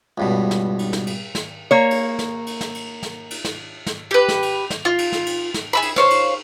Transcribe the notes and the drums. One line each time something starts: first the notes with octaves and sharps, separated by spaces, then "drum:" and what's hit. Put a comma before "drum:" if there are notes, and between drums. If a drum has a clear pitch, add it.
C#2 G2 B2
drum: snare
drum: cymbal
drum: snare
drum: cymbal
drum: snare
A#3 C#5
drum: cymbal
drum: snare
drum: cymbal
drum: snare
drum: cymbal
drum: snare
drum: cymbal
drum: snare
drum: snare
G4 B4
drum: snare
drum: cymbal
drum: snare
F4
drum: cymbal
drum: snare
drum: cymbal
drum: snare
G#4 E5 B5
drum: cymbal
C5 C#5 F5, drum: snare
drum: cymbal